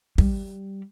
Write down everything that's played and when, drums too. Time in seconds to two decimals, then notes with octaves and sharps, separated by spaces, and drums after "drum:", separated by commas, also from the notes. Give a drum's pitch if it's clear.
0.18 G3, drum: kick